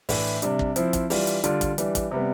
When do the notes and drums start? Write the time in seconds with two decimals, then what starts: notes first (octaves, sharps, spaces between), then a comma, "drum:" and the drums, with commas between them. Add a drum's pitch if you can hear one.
0.09 A2 E3 A3 D4, drum: open hi-hat
0.42 C3 G3 D4, drum: hi-hat
0.59 drum: kick
0.76 F3 C4 E4, drum: hi-hat
0.93 drum: kick, hi-hat
1.10 E3 G3 D4 F4, drum: open hi-hat
1.27 drum: hi-hat
1.44 D3 G3 D4 F4, drum: hi-hat
1.61 drum: kick, hi-hat
1.78 E3 G3 D4, drum: hi-hat
1.95 drum: kick, hi-hat
2.11 C3 G3 B3